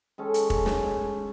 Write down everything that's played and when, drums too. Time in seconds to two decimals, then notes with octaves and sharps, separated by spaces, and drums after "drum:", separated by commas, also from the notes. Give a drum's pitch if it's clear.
0.18 G#3 C#4 A4
0.34 drum: hi-hat
0.50 drum: kick
0.66 drum: snare